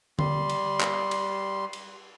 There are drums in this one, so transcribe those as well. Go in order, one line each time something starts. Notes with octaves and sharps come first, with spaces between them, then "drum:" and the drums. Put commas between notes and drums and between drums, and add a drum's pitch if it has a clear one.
G3 C6, drum: tom D3
drum: cymbal
drum: clap
drum: cymbal
drum: cymbal